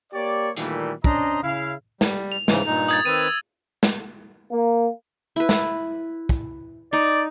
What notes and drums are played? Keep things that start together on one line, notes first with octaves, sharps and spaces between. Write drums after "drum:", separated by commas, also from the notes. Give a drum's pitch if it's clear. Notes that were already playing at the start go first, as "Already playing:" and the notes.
A#3 G4 C#5 D5
A#2 D#3 E3 G3 A3 A#3, drum: hi-hat
C#4 D4 C5 D#5 A#5, drum: kick
C#3 E4 F5
G3, drum: snare
F7
G#2 C#3 E3, drum: snare
G2 A#2 D#4
D#6 G#6 A6, drum: hi-hat
D#3 C4 B4 E6 D#7
drum: snare
A#3
E4 B4
drum: snare
drum: kick
D#4 D5